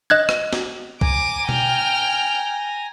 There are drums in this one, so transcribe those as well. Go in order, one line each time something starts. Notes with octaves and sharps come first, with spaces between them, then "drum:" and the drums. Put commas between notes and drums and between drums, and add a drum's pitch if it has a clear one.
D#5 F#6 G#6
drum: rim click
drum: snare
G#5 A#5 D6 D#7, drum: kick B1
G5 F6, drum: tom B2